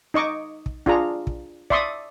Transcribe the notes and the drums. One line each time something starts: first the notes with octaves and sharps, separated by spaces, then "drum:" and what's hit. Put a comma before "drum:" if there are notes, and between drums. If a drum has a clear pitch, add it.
D#4 D#5 C#6 D6
drum: kick
D4 F4 G#4 A#5, drum: kick
drum: kick
D5 E5 C6 C#6 D#6, drum: kick